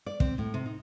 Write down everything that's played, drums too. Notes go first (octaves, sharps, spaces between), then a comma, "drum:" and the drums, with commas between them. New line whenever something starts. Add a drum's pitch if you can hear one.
D5
C4, drum: kick
A2
C3
D#4